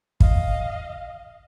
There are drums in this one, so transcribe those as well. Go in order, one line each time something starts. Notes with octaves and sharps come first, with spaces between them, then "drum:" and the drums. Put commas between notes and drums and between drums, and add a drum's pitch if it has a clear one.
D#5 F5, drum: kick